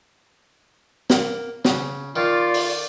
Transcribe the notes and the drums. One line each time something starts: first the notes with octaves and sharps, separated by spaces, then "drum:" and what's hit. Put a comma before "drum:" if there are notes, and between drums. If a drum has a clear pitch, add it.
A#3, drum: snare
C#3, drum: snare
D#3 F4 D5
drum: open hi-hat